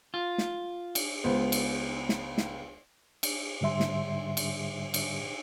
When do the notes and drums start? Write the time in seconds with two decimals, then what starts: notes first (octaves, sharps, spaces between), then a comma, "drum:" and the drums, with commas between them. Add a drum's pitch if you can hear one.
0.14 F4
0.38 drum: snare
0.95 drum: cymbal
1.24 C#2 B3 C5
1.52 drum: cymbal
2.09 drum: snare
2.38 drum: snare
3.23 drum: cymbal
3.61 G#2 D3 G3 E5 C6
3.80 drum: snare
4.37 drum: cymbal
4.94 drum: cymbal